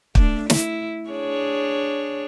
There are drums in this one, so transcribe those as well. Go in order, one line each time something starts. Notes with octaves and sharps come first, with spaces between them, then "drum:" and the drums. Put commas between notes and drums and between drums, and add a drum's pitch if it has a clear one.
A3 D4, drum: kick
E4, drum: snare
D4 G#4 C#5